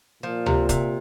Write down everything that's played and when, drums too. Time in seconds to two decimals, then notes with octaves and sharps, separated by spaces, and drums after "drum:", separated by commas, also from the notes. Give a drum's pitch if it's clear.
0.23 A#2 F3
0.46 C3, drum: tom C#2
0.69 C3, drum: kick, hi-hat